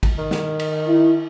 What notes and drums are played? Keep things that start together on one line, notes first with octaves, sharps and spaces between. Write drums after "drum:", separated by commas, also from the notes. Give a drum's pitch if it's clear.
drum: kick, cymbal
D#3
drum: snare
drum: cymbal
E4